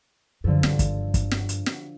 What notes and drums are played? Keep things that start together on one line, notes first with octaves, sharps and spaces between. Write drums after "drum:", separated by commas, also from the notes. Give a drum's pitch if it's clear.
F#2 D3 F3 A4
G2, drum: snare
drum: kick, hi-hat
drum: kick, hi-hat
drum: snare
drum: hi-hat
drum: snare